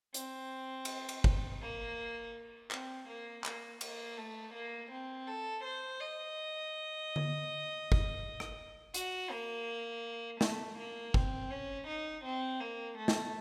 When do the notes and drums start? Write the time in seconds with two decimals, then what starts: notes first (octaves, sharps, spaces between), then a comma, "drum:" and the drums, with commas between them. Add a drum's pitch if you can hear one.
0.14 C4, drum: hi-hat
0.85 drum: cymbal
1.09 drum: cymbal
1.24 drum: kick G1
1.61 A#3
2.71 C4, drum: clap
3.08 A#3
3.44 A#3, drum: clap
3.81 A#3, drum: cymbal
4.17 A3
4.54 A#3
4.91 C4
5.27 A4
5.64 C5
6.00 D#5
7.16 drum: tom D3
7.92 drum: kick G1
8.40 drum: rim click
8.94 F#4, drum: hi-hat
9.31 A#3
10.41 A3, drum: snare
10.78 A#3
11.14 C4, drum: kick G1
11.51 C#4
11.88 D#4
12.24 C4
12.60 A#3
12.98 A3
13.08 drum: snare